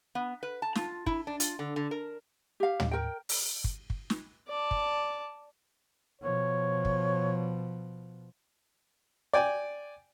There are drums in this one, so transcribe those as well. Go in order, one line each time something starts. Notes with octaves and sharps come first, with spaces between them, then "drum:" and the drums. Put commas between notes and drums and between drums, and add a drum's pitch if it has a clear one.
B3
B4
A5
F4, drum: snare
E4, drum: kick
D4
F4, drum: hi-hat
D3
D3
A#4
G4 F5
drum: tom
A#4 G5
drum: open hi-hat
drum: kick
drum: kick
drum: snare
D5 A5
drum: kick
B2 F3 C#5
drum: kick
D5 G5 G#5